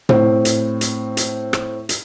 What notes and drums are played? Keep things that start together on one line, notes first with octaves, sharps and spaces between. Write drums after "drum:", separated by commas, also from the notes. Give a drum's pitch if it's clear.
A2 C4, drum: tom
drum: hi-hat
drum: hi-hat
drum: hi-hat
drum: rim click
drum: hi-hat